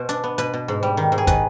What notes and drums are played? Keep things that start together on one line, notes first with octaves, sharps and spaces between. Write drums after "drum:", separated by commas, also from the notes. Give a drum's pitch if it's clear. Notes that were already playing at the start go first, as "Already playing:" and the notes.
Already playing: B2 C5
D4, drum: hi-hat
B3
B2 B4, drum: hi-hat
B2
G#2
G3
D#3
G#2
G#4
D#3 B4, drum: kick, hi-hat